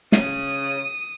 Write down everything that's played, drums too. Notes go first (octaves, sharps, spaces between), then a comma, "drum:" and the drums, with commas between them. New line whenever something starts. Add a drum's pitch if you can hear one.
C#3 D#6, drum: snare